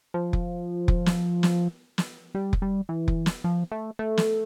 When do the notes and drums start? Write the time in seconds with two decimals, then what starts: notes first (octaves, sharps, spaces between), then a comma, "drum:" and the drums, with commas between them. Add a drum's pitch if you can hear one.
0.14 F3
0.33 drum: kick F1
0.88 drum: kick F1
1.06 drum: snare
1.43 drum: snare
1.98 drum: snare
2.35 G3
2.53 drum: kick F1
2.62 G3
2.89 E3
3.08 drum: kick F1
3.26 drum: snare
3.44 F3
3.72 A3
3.99 A3
4.17 drum: snare